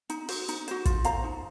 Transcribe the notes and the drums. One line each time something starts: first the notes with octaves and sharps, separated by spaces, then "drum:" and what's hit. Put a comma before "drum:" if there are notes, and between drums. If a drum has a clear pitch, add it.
D#4, drum: hi-hat
F#4 C5, drum: open hi-hat
D#4, drum: hi-hat
F#4 C5, drum: hi-hat
F4, drum: kick, hi-hat
C5 F5 A#5, drum: hi-hat
D#4